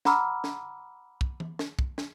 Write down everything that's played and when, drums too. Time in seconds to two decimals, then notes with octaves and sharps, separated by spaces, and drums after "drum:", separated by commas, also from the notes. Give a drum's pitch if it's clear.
0.05 F#5 A#5 B5 D6 E6 F6, drum: snare
0.44 drum: snare
1.21 drum: kick
1.40 drum: tom E3
1.59 drum: snare
1.79 drum: kick
1.98 drum: snare